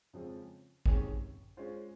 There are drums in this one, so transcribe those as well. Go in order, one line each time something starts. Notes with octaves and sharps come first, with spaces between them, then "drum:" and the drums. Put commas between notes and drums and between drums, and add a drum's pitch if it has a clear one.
F2 C#3 F3 G#3 C4
C3 D#3 G#3 C#4 G#4, drum: kick A1
G#3 C#4 F4 C5